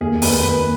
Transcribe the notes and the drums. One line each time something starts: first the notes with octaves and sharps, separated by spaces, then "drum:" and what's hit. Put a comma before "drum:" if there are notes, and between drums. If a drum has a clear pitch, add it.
D#2 G#4
D#2 B4, drum: open hi-hat
D#2 B4